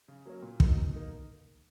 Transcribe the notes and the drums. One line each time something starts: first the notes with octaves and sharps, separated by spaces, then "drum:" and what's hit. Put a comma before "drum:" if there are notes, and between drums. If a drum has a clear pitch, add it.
C#3
F#3 A#3 C#4
A#2
F#3 A#3 D#4, drum: kick
B2
A#3 D#4